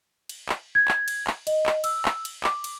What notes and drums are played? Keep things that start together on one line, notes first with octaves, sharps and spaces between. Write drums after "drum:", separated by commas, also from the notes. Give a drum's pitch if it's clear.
drum: cymbal
drum: clap
G#6
drum: clap
drum: cymbal
drum: clap
D#5, drum: cymbal
drum: clap
E6, drum: cymbal
drum: clap
drum: cymbal
D6, drum: clap
drum: cymbal